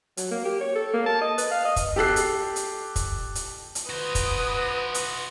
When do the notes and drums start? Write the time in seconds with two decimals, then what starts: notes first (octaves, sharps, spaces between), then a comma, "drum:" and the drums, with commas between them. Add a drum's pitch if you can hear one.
0.17 F#3, drum: hi-hat
0.31 A#3
0.45 G4
0.61 C#5
0.76 A4
0.93 A#3
1.06 A5
1.22 D#5
1.38 B4, drum: hi-hat
1.51 F5
1.65 D#5
1.76 drum: kick, hi-hat
1.96 G4 A4 F#6 C7
2.16 drum: hi-hat
2.56 drum: hi-hat
2.96 drum: kick, hi-hat
3.35 drum: hi-hat
3.75 drum: hi-hat
3.90 F#4 B4 C5 D#6
4.15 drum: kick, hi-hat
4.94 drum: hi-hat